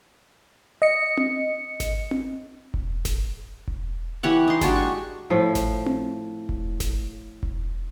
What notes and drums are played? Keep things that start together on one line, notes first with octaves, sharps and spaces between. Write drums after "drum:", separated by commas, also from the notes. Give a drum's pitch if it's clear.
D#5 C#7
drum: tom C4
drum: snare G#1
drum: tom C4
drum: kick E1
drum: snare G#1
drum: kick E1
E3 G4 C#5 F#5
D#4 C6
G#3 D4 F#4 G4, drum: snare G#1
C#6
A2 F3 E4
drum: snare G#1
drum: tom C4
drum: kick E1
drum: snare G#1
drum: kick E1